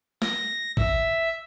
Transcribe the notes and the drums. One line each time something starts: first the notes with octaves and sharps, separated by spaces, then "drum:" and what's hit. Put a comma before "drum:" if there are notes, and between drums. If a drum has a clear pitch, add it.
A#6, drum: snare
E5, drum: kick